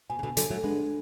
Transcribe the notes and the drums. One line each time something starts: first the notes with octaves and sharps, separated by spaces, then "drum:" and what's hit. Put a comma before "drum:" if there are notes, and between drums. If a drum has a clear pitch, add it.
B2 G#5
C#3
B2 D3
D3 F#3 A4, drum: hi-hat
F#3 A3
G#3 B3 D4